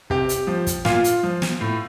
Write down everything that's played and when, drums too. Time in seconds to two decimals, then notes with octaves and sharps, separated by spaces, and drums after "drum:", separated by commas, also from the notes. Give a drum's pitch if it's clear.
0.10 C3 G4, drum: kick
0.29 drum: hi-hat
0.47 F3
0.67 drum: kick, hi-hat
0.85 A#2 F4, drum: snare
1.04 drum: hi-hat
1.23 F3
1.42 drum: snare
1.61 A2